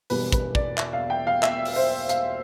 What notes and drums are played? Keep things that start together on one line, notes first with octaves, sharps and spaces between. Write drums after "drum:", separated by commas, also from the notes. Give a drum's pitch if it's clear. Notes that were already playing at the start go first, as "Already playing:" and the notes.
E1 E2 B2 G3 B4, drum: open hi-hat
B4, drum: kick, hi-hat
D5, drum: kick
E5, drum: clap
F5
G5
F5
E5, drum: clap
drum: open hi-hat
C5
F5, drum: hi-hat